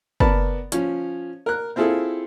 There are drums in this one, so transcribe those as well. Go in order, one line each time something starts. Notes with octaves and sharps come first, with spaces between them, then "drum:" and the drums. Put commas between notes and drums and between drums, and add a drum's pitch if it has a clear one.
B3 A#4 D5 A5 B5, drum: kick
F3 C#4, drum: hi-hat
A#4 F#6
C4 E4 F4 G#4 A4